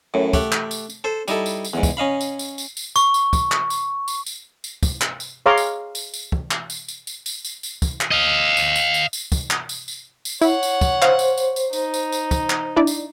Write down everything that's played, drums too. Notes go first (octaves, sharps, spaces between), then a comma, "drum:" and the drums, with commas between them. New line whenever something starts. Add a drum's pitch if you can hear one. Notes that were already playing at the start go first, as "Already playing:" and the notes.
F#2 A2
A3 G4 F#5, drum: kick, tambourine
drum: clap
drum: tambourine
drum: tambourine
A4 C5
G3 D#4 E4 A4, drum: tambourine
drum: tambourine
drum: tambourine
E2 G#2
drum: kick, tambourine
C#4 D#5 F5 B5
drum: tambourine
drum: tambourine
drum: tambourine
drum: tambourine
C#6, drum: tambourine
drum: tambourine
drum: kick, tambourine
drum: clap
drum: tambourine
drum: tambourine
drum: tambourine
drum: tambourine
drum: kick, tambourine
drum: clap
drum: tambourine
G#4 C#5 F5 A#5 C6 D6
drum: tambourine
drum: tambourine
drum: tambourine
drum: kick
drum: clap
drum: tambourine
drum: tambourine
drum: tambourine
drum: tambourine
drum: tambourine
drum: tambourine
drum: kick, tambourine
drum: clap
D#5 F5
drum: tambourine
drum: tambourine
drum: tambourine
drum: tambourine
drum: kick, tambourine
drum: clap
drum: tambourine
drum: tambourine
drum: tambourine
E4 C#5 F#5, drum: tambourine
drum: tambourine
drum: kick, tambourine
C5 F5, drum: clap
drum: tambourine
drum: tambourine
drum: tambourine
D#4, drum: tambourine
drum: tambourine
drum: tambourine
drum: kick, tambourine
drum: clap
D4 E4 D5
drum: tambourine